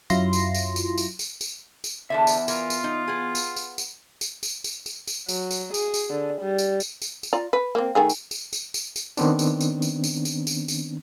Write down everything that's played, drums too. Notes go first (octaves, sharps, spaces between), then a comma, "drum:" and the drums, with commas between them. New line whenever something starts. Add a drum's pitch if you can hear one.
F#2 F#3 E4 F4 C6 A#6, drum: tambourine
drum: tambourine
drum: tambourine
drum: tambourine
drum: tambourine
drum: tambourine
drum: tambourine
drum: tambourine
E2 D3 A4 E5 A5
drum: tambourine
E3 F4 A#4, drum: tambourine
drum: tambourine
D#4
B3 G#4
drum: tambourine
drum: tambourine
drum: tambourine
drum: tambourine
drum: tambourine
drum: tambourine
drum: tambourine
drum: tambourine
F#3, drum: tambourine
drum: tambourine
G#4, drum: tambourine
drum: tambourine
D3
G3
drum: tambourine
drum: tambourine
drum: tambourine
drum: tambourine
F4 D5 A#5
B4
A#3 C4
D#3 A3 G#4
drum: tambourine
drum: tambourine
drum: tambourine
drum: tambourine
drum: tambourine
D#3 B3 C4 D4, drum: tambourine
drum: tambourine
drum: tambourine
drum: tambourine
drum: tambourine
drum: tambourine
drum: tambourine
drum: tambourine